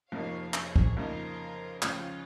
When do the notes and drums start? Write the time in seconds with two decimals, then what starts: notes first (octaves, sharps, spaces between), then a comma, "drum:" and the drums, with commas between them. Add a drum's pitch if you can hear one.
0.11 F1 F2 F3 A#3 D#4 C#5 F5
0.54 G#4 C#5, drum: clap
0.76 drum: kick
0.97 F2 C#3 F3 A#3 D#4 F4 A#4
1.82 C#2 C#3 F3 C#4 F4, drum: clap